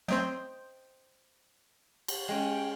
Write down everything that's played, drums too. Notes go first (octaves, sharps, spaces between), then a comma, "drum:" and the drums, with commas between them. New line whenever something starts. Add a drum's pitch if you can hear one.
F#3 A3 C4 C5 D#5 G5
drum: cymbal
G#3 C#4 G5